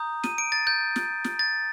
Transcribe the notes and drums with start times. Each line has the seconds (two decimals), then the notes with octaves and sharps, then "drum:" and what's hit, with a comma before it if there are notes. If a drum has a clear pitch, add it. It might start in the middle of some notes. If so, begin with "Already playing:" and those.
Already playing: A#5 D#6 G6
0.24 D#7, drum: snare
0.38 D7
0.52 A6
0.67 G6
0.96 drum: snare
1.24 drum: snare
1.39 A6